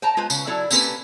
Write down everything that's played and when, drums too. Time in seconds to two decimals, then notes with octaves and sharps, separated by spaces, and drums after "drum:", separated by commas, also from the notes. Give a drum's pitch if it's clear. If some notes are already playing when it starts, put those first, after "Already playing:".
0.02 C5 G5 A5 A#5
0.17 G#3 F4 B4 C5
0.30 C#3, drum: tambourine
0.46 F#3 E4 A4 D5 E5
0.71 A#3 C4 C#4 G4 A4 B4, drum: tambourine